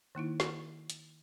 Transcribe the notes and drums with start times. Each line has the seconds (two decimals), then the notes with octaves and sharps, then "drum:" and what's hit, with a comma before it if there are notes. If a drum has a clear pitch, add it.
0.15 D#3 A#3 D#4 E4
0.40 drum: snare
0.90 drum: hi-hat